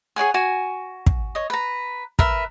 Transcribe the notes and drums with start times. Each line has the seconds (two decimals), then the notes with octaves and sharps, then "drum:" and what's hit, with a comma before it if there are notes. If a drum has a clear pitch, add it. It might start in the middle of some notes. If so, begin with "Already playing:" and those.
0.16 G#4 C#5 F#5 G#5
0.34 F#4 G#5
1.06 drum: kick
1.35 C#5 D#5
1.50 B4 A#5
2.19 A#4 B4 E5, drum: kick